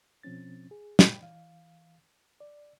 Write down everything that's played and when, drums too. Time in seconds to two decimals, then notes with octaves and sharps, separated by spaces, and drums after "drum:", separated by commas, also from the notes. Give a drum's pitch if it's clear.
0.23 B2 F3 C4 C#4 A6
0.71 G#4
0.99 G5 B5, drum: snare
1.22 E3 F5
2.40 D5